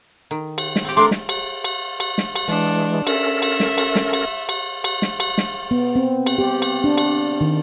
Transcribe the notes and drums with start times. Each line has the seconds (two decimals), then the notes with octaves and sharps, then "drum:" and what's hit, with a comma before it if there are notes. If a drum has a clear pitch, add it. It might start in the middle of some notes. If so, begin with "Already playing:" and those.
0.31 D#3
0.58 drum: cymbal
0.76 drum: snare
0.85 C4 G4
0.97 A3 D4 A#4 C6 D6
1.11 drum: snare
1.29 drum: cymbal
1.64 drum: cymbal
2.00 drum: cymbal
2.18 drum: snare
2.36 drum: cymbal
2.48 E3 G#3 D4
3.07 C#4 A4 A#4 E5, drum: cymbal
3.42 drum: cymbal
3.60 drum: snare
3.78 drum: cymbal
3.95 drum: snare
4.13 drum: cymbal
4.49 drum: cymbal
4.84 drum: cymbal
5.02 drum: snare
5.20 drum: cymbal
5.38 drum: snare
5.71 B3
5.96 C4
6.26 drum: cymbal
6.38 G4
6.62 drum: cymbal
6.84 D4
6.98 drum: cymbal
7.41 D#3